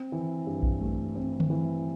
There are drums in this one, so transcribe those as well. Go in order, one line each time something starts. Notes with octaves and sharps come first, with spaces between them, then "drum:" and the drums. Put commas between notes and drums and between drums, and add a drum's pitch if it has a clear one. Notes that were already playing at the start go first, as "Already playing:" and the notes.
Already playing: C4
E3
G2
drum: kick A#1
A3
C4
drum: tom D3
E3